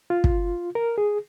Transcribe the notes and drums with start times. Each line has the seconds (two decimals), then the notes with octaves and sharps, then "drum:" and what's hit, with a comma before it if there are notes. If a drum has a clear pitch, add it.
0.10 F4
0.24 drum: kick
0.75 A#4
0.98 G#4